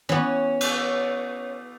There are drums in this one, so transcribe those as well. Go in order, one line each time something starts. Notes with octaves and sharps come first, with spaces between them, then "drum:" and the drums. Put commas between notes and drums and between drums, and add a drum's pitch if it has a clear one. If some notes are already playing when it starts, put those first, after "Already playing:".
E3 B3 C#4
drum: cymbal